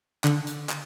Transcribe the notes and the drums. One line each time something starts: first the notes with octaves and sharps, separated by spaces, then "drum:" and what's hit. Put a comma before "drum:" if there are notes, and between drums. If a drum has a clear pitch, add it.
D3, drum: clap
drum: hi-hat
drum: clap